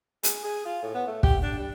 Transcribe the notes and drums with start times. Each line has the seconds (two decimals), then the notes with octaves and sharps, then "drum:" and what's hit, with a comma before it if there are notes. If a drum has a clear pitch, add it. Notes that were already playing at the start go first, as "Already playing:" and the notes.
0.23 G#4, drum: hi-hat
0.44 G#4
0.65 F4
0.83 A2
0.94 B3
1.07 A3
1.23 G4, drum: kick
1.43 D4
1.58 G3